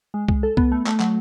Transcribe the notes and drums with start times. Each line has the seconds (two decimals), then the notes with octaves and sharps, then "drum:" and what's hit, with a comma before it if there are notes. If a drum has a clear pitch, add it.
0.14 G#3
0.28 G#3, drum: kick C2
0.43 A4
0.57 B3, drum: kick C2
0.72 A3
0.86 A3, drum: clap
1.00 F#3, drum: clap